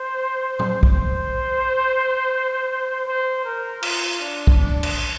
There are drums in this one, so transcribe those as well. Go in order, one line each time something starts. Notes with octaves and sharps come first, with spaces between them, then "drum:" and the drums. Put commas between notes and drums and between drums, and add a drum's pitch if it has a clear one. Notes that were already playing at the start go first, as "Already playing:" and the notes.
Already playing: C5
drum: tom A#2
C5, drum: kick
C5
A#4
F4, drum: cymbal
D4
drum: kick
D4
drum: cymbal